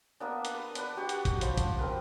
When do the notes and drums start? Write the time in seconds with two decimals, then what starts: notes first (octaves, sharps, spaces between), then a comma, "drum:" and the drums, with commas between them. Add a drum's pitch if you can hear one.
0.20 A#3 B3 D4
0.45 drum: hi-hat
0.55 B4
0.75 D4 B4, drum: hi-hat
0.97 F#4 G4
1.09 drum: hi-hat
1.25 drum: kick, hi-hat
1.41 F3, drum: hi-hat
1.58 drum: kick, hi-hat
1.79 C4 A#4 B4